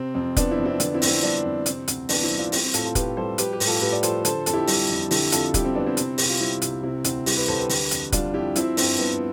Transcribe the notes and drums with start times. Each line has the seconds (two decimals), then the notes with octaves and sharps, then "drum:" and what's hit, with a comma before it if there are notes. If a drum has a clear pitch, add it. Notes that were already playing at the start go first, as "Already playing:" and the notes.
Already playing: C3 C4
0.14 F2 C4
0.36 F3 B3 D4, drum: kick, hi-hat
0.51 C4 E4
0.58 F2
0.65 C4 E4
0.80 D3 B3 D4, drum: hi-hat
0.94 C4 E4
1.02 F2, drum: open hi-hat
1.08 C4 E4
1.22 G3 B3 D4
1.44 F2
1.66 C3 C4, drum: hi-hat
1.88 D2 C4, drum: hi-hat
2.09 E3 B3 D4, drum: open hi-hat
2.23 C4 E4
2.30 G3
2.38 D4 F4
2.52 G3 C4 E4, drum: open hi-hat
2.63 C4
2.74 A2 F4 A4, drum: hi-hat
2.84 F4 A4
2.95 A2 G4 B4, drum: kick, hi-hat
3.17 G3 A4 C5
3.38 F3 G4 B4, drum: hi-hat
3.53 G4 B4
3.60 A2, drum: open hi-hat
3.67 F4 A4
3.81 A2 G4 B4
3.93 D5
4.03 F3 A4 C5, drum: hi-hat
4.25 D3 A4 C5, drum: hi-hat
4.46 F2 A4, drum: hi-hat
4.53 E4 G4
4.67 G3, drum: open hi-hat
4.90 F2
5.11 D3 E4 G4, drum: open hi-hat
5.32 F2 F4 A4, drum: hi-hat
5.54 G3 E4 G4, drum: kick, hi-hat
5.64 C4
5.75 F2 B3 D4
5.86 C4 E4
5.97 C3, drum: hi-hat
6.18 C2 G4, drum: open hi-hat
6.29 F4
6.40 G3 C4 E4
6.62 C2, drum: hi-hat
6.83 C3 C4 E4
7.04 D2 C4 E4, drum: hi-hat
7.26 G3 E4 G4, drum: open hi-hat
7.37 G4 B4
7.48 D2 A4 C5
7.59 G4 B4
7.69 D3, drum: open hi-hat
7.91 F2, drum: hi-hat
8.12 G3 D4 F4, drum: kick, hi-hat
8.34 F2 E4 G4
8.56 F3 C4 E4, drum: hi-hat
8.77 G2 C4, drum: open hi-hat
8.99 G2 B3